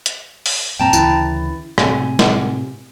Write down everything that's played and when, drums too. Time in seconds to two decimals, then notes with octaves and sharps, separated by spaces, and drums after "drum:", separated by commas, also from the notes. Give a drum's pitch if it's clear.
0.06 drum: hi-hat
0.46 drum: open hi-hat
0.79 F#2 A#2 C4 G5 A5 A#5
0.93 D2 C#3 E3 E4 A6, drum: tambourine
1.78 A2 C3 G#5, drum: rim click
2.19 drum: snare